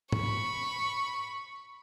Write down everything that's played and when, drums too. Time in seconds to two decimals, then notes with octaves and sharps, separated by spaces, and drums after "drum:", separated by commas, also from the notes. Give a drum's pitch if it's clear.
0.12 B5 C#6, drum: tom G#2